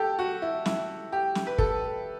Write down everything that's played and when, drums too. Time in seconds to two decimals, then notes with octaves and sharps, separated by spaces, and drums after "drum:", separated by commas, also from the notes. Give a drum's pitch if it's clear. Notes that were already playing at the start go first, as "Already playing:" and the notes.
Already playing: G4 A4
0.19 F#4
0.42 E4
0.66 E4, drum: snare
1.12 G4
1.35 drum: snare
1.47 B4
1.58 A4, drum: kick